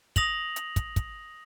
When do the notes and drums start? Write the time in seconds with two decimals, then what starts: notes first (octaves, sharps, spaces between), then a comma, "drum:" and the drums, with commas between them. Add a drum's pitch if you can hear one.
0.16 D#6 A#6 F7 F#7, drum: kick, hi-hat
0.56 drum: hi-hat
0.76 drum: kick, hi-hat
0.96 drum: kick, hi-hat